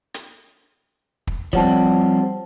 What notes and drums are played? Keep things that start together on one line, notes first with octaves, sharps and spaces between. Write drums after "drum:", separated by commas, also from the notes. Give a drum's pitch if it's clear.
drum: hi-hat
drum: kick
F3 G3 C4 C#5 F#5 A5, drum: kick